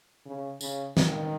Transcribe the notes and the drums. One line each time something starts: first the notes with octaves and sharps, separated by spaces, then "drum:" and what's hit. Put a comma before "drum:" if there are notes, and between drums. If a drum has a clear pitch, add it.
C#3
C#3, drum: tambourine
D#3, drum: snare